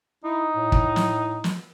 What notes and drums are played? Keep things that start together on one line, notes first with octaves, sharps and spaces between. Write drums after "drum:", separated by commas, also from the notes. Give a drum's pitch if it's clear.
D#4 E4
A2
drum: kick
drum: snare
drum: snare